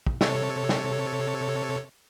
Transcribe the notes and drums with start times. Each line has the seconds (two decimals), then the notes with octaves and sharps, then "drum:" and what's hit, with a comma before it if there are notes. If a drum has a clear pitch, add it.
0.06 drum: kick
0.21 C3 A4 C#5, drum: snare
0.69 drum: snare